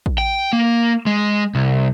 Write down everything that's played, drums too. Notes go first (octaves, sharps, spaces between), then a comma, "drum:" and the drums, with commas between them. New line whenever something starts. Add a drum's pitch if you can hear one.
drum: kick
G5
A#3
G#3
C2